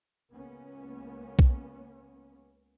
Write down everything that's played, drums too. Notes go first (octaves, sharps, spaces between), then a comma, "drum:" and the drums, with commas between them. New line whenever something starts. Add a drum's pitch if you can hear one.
C#2 A#3 B3 C#4
drum: kick B1